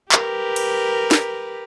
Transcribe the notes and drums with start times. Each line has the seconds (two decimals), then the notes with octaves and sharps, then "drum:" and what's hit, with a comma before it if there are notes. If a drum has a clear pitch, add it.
0.12 G4 A#4 B4, drum: clap
0.56 drum: cymbal
1.11 drum: snare